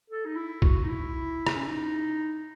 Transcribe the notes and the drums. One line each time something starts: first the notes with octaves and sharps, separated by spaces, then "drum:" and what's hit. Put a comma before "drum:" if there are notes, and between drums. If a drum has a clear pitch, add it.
A4
D#4
E4
F#4, drum: kick
D#4
E4
drum: rim click
C#4
D#4